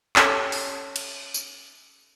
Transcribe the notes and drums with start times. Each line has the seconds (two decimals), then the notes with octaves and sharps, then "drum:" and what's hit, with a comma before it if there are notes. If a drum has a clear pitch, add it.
0.16 C#4 G4 A4, drum: clap
0.52 drum: open hi-hat
0.96 drum: cymbal
1.34 drum: tambourine